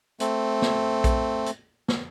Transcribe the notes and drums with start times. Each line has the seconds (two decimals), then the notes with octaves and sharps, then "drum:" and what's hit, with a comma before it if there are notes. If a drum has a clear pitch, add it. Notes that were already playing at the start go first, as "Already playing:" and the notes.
0.20 A3 C4, drum: hi-hat
0.62 drum: snare
1.04 drum: kick A#1, hi-hat
1.46 drum: hi-hat
1.88 drum: snare